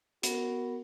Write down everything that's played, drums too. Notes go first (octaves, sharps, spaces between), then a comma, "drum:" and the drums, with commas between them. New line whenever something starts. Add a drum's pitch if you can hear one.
B3 F#4 A#4, drum: hi-hat